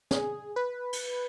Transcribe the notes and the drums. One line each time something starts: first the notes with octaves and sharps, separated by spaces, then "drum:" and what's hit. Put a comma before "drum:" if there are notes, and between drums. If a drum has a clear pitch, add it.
G#4, drum: snare
B4
drum: cymbal